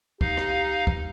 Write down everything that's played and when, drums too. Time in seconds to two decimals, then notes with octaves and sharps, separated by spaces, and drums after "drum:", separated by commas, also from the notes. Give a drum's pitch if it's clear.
0.21 D#4 G4 F5, drum: kick
0.37 drum: rim click
0.87 drum: kick